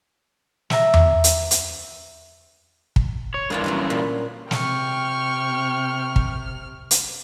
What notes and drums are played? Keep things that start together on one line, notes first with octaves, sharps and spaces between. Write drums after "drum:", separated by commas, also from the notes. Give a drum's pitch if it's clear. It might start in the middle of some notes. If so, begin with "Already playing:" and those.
E5 A#5, drum: snare
drum: tom E2
drum: hi-hat
drum: hi-hat
drum: kick
C#5
G2 D3 E3 A#3 D4 F4
F#3 C#4 D4
A#2
C3 G5 C#6 F6, drum: snare
drum: kick
drum: hi-hat